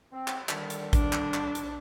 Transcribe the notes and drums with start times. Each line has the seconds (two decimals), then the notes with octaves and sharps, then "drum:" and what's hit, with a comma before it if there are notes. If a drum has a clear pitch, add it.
0.12 C4
0.28 drum: clap
0.49 D3 D#3 G3, drum: clap
0.70 drum: hi-hat
0.93 D4, drum: kick A1, hi-hat
1.13 drum: clap
1.34 drum: clap
1.55 drum: hi-hat